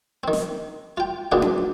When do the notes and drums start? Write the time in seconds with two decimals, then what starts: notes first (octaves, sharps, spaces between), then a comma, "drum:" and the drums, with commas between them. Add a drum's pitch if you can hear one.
0.23 D#3 C4
0.33 drum: snare
0.97 F4 G5
1.32 D2 A#2 C#3 B3 C4 D4
1.42 drum: tom C#4